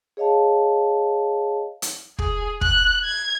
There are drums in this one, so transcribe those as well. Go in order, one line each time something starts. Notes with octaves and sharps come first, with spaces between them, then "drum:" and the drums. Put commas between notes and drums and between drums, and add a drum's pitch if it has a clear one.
G#4 C#5 D#5 F5 A5
drum: hi-hat
G#4, drum: kick
F#6, drum: kick
G#6